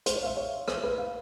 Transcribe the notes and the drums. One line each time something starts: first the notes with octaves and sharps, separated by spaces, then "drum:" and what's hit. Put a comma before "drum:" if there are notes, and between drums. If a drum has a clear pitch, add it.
C5, drum: hi-hat
C#5
F5
E5
C#5
C5, drum: rim click
B4
F5